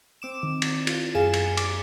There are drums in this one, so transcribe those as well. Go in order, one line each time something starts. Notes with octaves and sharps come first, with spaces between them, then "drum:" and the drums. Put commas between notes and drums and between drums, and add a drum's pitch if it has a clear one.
C4 D6 E7
D#3
drum: cymbal
F4, drum: cymbal
F#2 G#4 F5 G#5 E7
drum: cymbal
D6, drum: cymbal